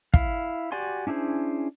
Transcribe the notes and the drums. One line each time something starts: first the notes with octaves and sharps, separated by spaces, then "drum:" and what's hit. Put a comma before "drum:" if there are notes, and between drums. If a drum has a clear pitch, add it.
E4 F5, drum: kick
F#4 G4 D5 G#5 C6
C#4 D4 E4 G#4 C5